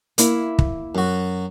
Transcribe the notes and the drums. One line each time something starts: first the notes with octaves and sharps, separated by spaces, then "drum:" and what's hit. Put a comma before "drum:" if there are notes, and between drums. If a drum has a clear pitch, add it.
A#3 E4, drum: hi-hat
drum: kick
F#2 F#4